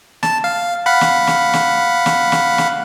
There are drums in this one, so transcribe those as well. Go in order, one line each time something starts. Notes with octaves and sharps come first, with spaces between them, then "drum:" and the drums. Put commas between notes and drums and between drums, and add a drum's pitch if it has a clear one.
A5, drum: snare
F5
F5 F#5 B5
drum: snare
drum: snare
drum: snare
drum: snare
drum: snare
drum: snare